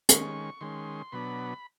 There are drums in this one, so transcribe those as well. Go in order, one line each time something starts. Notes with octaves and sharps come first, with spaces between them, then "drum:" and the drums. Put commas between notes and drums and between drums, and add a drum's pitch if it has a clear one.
D#3 G#3 C#4 C#6, drum: hi-hat
D#3 G#3 C#4 C6
B2 F#3 B3 D4 B5